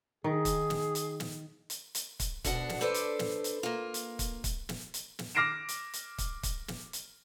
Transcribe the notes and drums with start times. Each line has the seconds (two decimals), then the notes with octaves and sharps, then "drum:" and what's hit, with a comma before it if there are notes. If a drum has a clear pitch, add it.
0.24 D#3 G#4
0.45 drum: kick, hi-hat
0.70 drum: snare
0.95 drum: hi-hat
1.20 drum: snare
1.70 drum: hi-hat
1.95 drum: hi-hat
2.20 drum: kick, hi-hat
2.44 D2 B2 D4 F#5, drum: kick, hi-hat
2.69 drum: snare
2.81 D4 A4 B4 C5 D5
2.94 drum: hi-hat
3.19 drum: snare
3.44 drum: hi-hat
3.63 A#3 F4
3.94 drum: hi-hat
4.19 drum: kick, hi-hat
4.44 drum: kick, hi-hat
4.69 drum: snare
4.94 drum: hi-hat
5.19 drum: snare
5.35 D6 F6 A#6 C7 D7 E7
5.69 drum: hi-hat
5.93 drum: hi-hat
6.18 drum: kick, hi-hat
6.43 drum: kick, hi-hat
6.68 drum: snare
6.93 drum: hi-hat